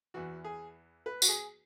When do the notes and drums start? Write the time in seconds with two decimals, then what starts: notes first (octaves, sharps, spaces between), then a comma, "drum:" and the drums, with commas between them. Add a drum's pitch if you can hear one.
0.14 E2 E3 F#4
0.44 G#4
1.06 B4
1.22 F#4, drum: tambourine
1.28 G#4